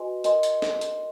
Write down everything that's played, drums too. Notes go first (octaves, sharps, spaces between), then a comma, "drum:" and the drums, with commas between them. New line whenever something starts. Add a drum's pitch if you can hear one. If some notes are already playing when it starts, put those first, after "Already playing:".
Already playing: F#4 B4 D#5 G#5 C6
A#4 D#5 G#5 C6, drum: hi-hat
drum: hi-hat
drum: snare
drum: hi-hat